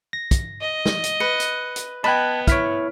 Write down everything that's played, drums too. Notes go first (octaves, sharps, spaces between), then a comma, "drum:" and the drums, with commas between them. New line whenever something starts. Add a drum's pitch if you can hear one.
A#6
drum: kick, hi-hat
D#5
drum: snare
drum: hi-hat
B4 C#7
drum: hi-hat
drum: hi-hat
B3 D#5 G5 A5 B5 F#6 G#6
E4 C#5 F6 B6 D7, drum: kick, hi-hat